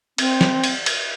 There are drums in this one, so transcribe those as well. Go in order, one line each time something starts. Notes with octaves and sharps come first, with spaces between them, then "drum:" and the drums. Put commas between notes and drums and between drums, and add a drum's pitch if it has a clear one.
C4, drum: cymbal
drum: snare
drum: cymbal
drum: cymbal